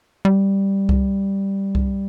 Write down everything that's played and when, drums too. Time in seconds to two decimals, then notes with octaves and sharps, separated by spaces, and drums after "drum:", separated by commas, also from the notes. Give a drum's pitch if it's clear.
0.25 G3
0.89 drum: kick C2
1.75 drum: kick C2